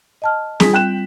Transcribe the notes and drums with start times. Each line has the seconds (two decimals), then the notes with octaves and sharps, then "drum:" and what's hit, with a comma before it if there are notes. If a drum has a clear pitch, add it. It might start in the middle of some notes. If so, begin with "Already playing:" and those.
0.22 D#5 A5 F6
0.60 G3 C4 F4 G#4 B6, drum: snare C4
0.73 G5 F#6 E7